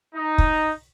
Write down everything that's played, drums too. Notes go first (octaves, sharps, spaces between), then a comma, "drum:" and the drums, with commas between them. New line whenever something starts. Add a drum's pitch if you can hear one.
D#4
drum: kick